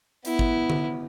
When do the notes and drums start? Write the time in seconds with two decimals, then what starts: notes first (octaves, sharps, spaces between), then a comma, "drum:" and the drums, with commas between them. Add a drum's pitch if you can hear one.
0.25 B3 E4, drum: hi-hat
0.39 drum: kick
0.70 drum: tom D3